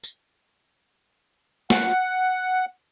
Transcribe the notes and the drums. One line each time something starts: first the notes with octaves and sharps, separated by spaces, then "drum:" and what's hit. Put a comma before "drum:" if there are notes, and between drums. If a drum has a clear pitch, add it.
drum: tambourine
F#5, drum: snare